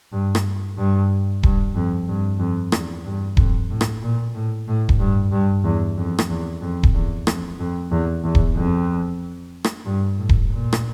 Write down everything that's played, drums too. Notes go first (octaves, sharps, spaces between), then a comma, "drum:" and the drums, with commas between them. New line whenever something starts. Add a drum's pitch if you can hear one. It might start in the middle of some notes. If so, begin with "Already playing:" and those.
G2
drum: rim click
G2
G2, drum: kick D#1
F2
G2
F2
E2, drum: rim click
G2
F2, drum: kick D#1
A2
drum: rim click
A#2
A2
A2
drum: kick D#1
G2
G2
E2
F2
drum: rim click
E2
F2
drum: kick D#1
E2
F2, drum: rim click
F2
E2
E2
drum: kick D#1
F2
drum: rim click
G2
A2
drum: kick D#1
A#2
drum: rim click